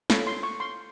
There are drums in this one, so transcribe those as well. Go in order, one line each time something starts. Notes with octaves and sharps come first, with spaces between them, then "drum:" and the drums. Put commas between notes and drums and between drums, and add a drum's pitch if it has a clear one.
C#4 F4 A4 C#5 B5, drum: snare
C6
C#6
C6